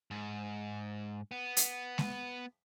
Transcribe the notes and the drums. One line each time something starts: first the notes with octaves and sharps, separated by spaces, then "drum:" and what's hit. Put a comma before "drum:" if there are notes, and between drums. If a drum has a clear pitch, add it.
G#2
B3
drum: hi-hat
drum: snare G#3